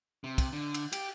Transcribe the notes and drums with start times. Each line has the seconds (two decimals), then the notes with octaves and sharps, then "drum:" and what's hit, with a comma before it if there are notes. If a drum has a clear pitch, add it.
0.24 C3
0.38 drum: kick, cymbal
0.53 D3
0.74 drum: cymbal
0.93 G4, drum: cymbal